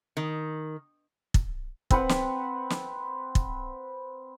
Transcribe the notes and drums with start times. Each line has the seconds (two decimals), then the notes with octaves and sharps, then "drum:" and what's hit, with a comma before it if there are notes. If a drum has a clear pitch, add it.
0.17 D#3
1.34 drum: kick
1.91 C4 B4 F#5, drum: kick
2.09 drum: snare
2.70 drum: snare
3.35 drum: kick